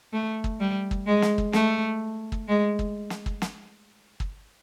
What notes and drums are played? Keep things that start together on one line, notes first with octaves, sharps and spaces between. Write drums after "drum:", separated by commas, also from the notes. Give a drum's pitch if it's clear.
A3
drum: kick
G3
drum: kick
G#3
drum: snare
drum: kick
A3, drum: snare
drum: kick
G#3
drum: kick
drum: snare
drum: kick
drum: snare
drum: kick